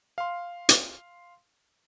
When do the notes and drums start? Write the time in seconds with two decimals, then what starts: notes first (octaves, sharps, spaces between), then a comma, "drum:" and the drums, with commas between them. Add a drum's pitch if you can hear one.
0.18 F5 C6
0.69 drum: hi-hat